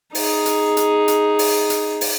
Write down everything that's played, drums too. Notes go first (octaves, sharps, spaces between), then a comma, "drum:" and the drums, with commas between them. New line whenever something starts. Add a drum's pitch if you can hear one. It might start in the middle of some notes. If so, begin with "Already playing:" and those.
D#4 G#4, drum: open hi-hat
drum: hi-hat
drum: hi-hat
drum: hi-hat
drum: open hi-hat
drum: hi-hat
drum: open hi-hat